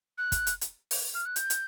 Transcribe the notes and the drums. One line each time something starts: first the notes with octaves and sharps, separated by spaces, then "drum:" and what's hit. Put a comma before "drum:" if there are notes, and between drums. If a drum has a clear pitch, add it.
F#6
drum: kick, hi-hat
drum: hi-hat
drum: hi-hat
drum: open hi-hat
F6
F#6
G6, drum: hi-hat
drum: hi-hat